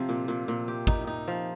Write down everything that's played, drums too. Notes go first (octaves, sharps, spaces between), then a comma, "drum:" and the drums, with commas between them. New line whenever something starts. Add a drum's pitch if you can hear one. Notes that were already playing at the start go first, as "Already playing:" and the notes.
Already playing: C3 F3
A#2
A#2
A#2
G4
D#4, drum: kick
D#4
F3